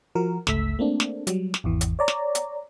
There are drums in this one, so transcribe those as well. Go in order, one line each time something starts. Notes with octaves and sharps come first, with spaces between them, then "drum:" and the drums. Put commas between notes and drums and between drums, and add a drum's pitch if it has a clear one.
F3 F#4 A#4
G1 C#2 A3 E6 B6, drum: snare
A3 A#3 C4 D4
drum: snare
F#3 G3, drum: hi-hat
drum: snare
G#1 E2 E3
drum: hi-hat
C#5 D5 A#5
drum: snare
drum: hi-hat